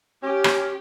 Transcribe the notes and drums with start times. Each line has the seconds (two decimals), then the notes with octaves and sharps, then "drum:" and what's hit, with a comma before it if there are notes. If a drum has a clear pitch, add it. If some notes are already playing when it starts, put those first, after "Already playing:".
0.23 C#4 G4
0.44 drum: rim click